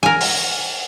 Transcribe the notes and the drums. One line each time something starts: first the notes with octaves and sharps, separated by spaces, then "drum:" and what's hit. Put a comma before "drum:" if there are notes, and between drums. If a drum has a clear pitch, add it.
A#4 G#5
drum: open hi-hat